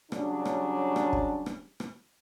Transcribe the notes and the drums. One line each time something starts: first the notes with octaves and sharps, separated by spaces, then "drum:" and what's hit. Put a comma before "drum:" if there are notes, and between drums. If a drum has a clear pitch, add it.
C#3 F#3 G3 D4, drum: rim click
drum: rim click
drum: rim click
drum: kick
drum: rim click
drum: rim click